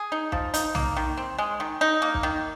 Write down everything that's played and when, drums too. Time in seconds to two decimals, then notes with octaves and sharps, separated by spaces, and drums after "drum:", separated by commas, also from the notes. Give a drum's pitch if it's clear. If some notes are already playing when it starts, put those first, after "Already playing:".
Already playing: G#4
0.12 D#4
0.32 F3, drum: kick
0.54 D#4, drum: hi-hat
0.75 A#3, drum: tom
0.97 D#3
1.17 C4
1.39 G#3
1.60 D#3
1.81 D#4
2.02 A#3
2.14 drum: kick
2.23 D#3